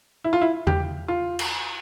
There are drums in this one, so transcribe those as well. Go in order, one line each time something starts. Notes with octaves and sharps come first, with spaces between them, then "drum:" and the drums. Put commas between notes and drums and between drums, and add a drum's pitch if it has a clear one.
E4
F4
E4
G4, drum: tom E2
F4
drum: cymbal